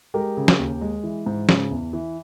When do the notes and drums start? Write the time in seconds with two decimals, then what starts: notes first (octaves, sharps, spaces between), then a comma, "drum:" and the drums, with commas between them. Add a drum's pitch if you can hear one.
0.14 G#3 G4 A#4
0.37 C#3
0.48 drum: snare
0.59 D#2
0.81 G#3
1.04 E3
1.26 G#2
1.49 C#3, drum: snare
1.71 E2
1.93 E3